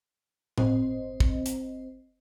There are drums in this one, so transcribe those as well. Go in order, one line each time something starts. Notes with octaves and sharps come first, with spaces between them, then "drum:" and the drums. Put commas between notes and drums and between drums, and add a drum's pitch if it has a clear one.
G1 C4 C5 D#5, drum: tom A2
drum: kick
drum: hi-hat